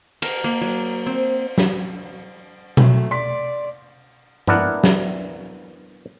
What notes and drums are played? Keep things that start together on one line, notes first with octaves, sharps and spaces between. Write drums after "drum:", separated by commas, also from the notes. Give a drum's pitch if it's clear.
A#4, drum: cymbal
A#3
F#3
C4
drum: snare
F#3 A3, drum: tom B2
D5 C6 B6
B3 D4 E4 A#4 D5 F#5, drum: tom G2
drum: snare